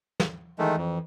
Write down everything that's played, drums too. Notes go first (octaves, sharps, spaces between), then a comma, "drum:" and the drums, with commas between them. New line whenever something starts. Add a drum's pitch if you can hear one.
drum: snare
D#3 E3 G#3 A3
F2